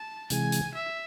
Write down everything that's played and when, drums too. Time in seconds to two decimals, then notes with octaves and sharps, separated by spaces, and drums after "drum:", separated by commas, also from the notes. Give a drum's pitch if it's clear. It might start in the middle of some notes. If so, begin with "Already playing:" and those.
Already playing: A5
0.30 C3 E3 G#3 G#5, drum: hi-hat
0.52 drum: hi-hat
0.74 E5